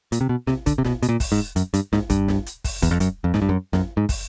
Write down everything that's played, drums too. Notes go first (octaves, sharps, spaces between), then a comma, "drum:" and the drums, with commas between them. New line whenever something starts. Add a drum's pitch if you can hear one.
A#2, drum: hi-hat
C3
B2
C3, drum: snare
D3, drum: kick, hi-hat
C3
B2, drum: snare
B2, drum: hi-hat
A#2
drum: kick, open hi-hat
G#2
F#2, drum: hi-hat
G2, drum: hi-hat
G#2, drum: snare
G2, drum: kick, hi-hat
drum: snare
drum: hi-hat
drum: kick, open hi-hat
E2, drum: kick, hi-hat
F2
F#2, drum: hi-hat
F2
G#2, drum: snare
G2
F#2
F#2, drum: snare
G#2
drum: kick, open hi-hat